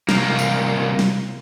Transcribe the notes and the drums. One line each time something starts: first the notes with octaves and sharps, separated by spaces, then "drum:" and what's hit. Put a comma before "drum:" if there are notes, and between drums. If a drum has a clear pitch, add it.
C2 A#3, drum: snare
drum: tambourine
drum: snare